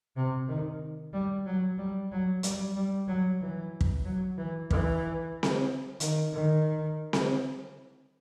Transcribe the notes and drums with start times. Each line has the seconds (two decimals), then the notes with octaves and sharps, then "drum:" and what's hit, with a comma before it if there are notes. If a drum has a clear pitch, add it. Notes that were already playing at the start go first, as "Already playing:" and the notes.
0.16 C3
0.48 D#3
1.13 G3
1.46 F#3
1.78 G3
2.12 F#3
2.43 G3, drum: hi-hat
2.76 G3
3.08 F#3
3.41 E3
3.81 drum: kick
4.05 F#3
4.38 E3
4.71 E3, drum: kick
5.43 drum: snare C4
6.00 D#3, drum: hi-hat
6.33 D#3
7.13 drum: snare C4